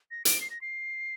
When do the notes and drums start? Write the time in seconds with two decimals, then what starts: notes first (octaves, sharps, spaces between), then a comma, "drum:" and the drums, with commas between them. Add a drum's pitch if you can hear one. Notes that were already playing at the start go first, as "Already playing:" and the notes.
0.11 A#6
0.25 D7, drum: hi-hat
0.41 C7
0.50 A#6
0.61 C7